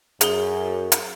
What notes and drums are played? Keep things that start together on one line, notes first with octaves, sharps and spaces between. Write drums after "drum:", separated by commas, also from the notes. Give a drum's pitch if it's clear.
F#2 G#4 G7, drum: hi-hat
drum: hi-hat